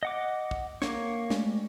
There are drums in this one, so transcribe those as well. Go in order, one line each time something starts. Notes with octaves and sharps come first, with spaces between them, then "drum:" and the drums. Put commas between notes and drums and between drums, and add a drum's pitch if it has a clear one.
D#5 F#5 D6
drum: kick
A#3 C#5 D6, drum: snare
G#3 A3, drum: snare